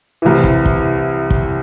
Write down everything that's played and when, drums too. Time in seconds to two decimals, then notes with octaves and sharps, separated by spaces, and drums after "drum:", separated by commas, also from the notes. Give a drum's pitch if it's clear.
0.22 C2 C3 E3
0.44 drum: kick
0.66 drum: kick
1.30 drum: kick